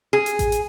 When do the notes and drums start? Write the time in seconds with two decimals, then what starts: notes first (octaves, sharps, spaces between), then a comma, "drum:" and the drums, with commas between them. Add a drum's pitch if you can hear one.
0.13 G#4
0.26 drum: hi-hat
0.39 drum: kick A1, hi-hat
0.52 drum: hi-hat